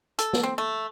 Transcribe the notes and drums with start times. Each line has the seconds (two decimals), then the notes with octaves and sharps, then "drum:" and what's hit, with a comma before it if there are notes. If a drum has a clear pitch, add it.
0.19 A4, drum: hi-hat
0.33 drum: snare
0.43 C4
0.58 A3